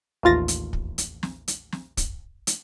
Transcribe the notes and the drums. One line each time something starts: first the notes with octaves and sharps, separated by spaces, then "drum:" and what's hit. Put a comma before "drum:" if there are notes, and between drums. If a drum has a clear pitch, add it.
A1 D#2 F4 A6 A#6
drum: hi-hat
drum: kick
drum: hi-hat
drum: snare
drum: hi-hat
drum: snare
drum: kick, hi-hat
drum: hi-hat